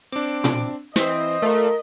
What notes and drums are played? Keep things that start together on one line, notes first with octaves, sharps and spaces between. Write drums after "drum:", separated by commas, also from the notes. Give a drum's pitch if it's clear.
C4 D4 D6
drum: tom A#2
E3 C4 C5 D#5 B6, drum: snare
A3 F4 A#4